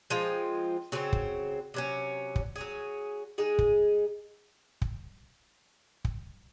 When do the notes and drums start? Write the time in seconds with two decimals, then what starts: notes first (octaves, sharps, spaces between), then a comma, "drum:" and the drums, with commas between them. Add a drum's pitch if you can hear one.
0.10 F3 G#3 C4 F4
0.92 C#3 F#3 C4
1.13 drum: kick
1.74 C3 F#3 C#4
2.36 drum: kick
2.56 F#3 C#4 G#4
3.38 G#3 D#4 G#4
3.59 drum: kick
4.82 drum: kick
6.05 drum: kick